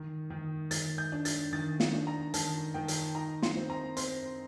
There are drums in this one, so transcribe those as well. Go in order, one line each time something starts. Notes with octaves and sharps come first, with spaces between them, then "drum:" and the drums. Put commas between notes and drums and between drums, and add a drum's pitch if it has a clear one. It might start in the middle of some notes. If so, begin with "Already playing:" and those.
Already playing: D#3
D#3
D#3 A6, drum: hi-hat
G6
D4
A6, drum: hi-hat
D#3 A6
drum: snare
D4
A#5
D#3 A5, drum: hi-hat
D#3 G5
drum: hi-hat
D#4 A#5
C6, drum: snare
C4
A#5
C4 C6, drum: hi-hat